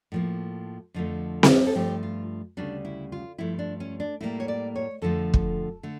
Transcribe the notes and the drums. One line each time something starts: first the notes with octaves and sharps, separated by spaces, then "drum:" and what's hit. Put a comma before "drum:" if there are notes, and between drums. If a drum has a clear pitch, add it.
A2 F3 A#3
F2 D3 F3 A3
drum: snare C4
A4
G2 F3 A3 G4
F4
D2 C#3 G3 D4
E4
F4
G2 F3 A3 E4
D4
C#4
D4
A2 E3 G3 A#3 E4
C#5
D5
C#5
F2 D3 F3 A3 A4
drum: kick
D3 A3